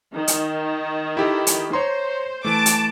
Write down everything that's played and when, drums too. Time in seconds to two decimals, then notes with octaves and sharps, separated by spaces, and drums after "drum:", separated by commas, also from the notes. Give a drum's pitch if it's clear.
0.14 D#3
0.28 drum: hi-hat
1.17 E4 G4 A4
1.47 drum: hi-hat
1.73 C5 C#5 A#5 C6
2.45 E3 A3 A5 D6
2.66 drum: hi-hat